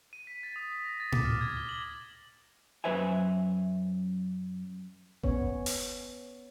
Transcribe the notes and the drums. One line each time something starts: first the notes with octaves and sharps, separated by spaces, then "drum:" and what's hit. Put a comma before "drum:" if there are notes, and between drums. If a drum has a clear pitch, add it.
D#7
B6
A6
D#6
B6
A#6
A6
D6, drum: tom A2
F6
G#6
G7
F#7
F#2 B4 C5 E5 G#5
B3 C#4 C#5, drum: kick F#1
drum: open hi-hat